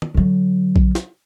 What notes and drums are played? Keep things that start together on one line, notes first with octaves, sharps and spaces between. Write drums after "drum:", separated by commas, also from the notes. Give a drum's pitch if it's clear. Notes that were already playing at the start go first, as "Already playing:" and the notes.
drum: tom
D3 F#3
drum: kick A#1
drum: snare